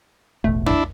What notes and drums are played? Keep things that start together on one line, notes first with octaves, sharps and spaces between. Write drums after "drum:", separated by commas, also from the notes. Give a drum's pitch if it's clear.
E1 A1 B2 A3
D4 E4, drum: tom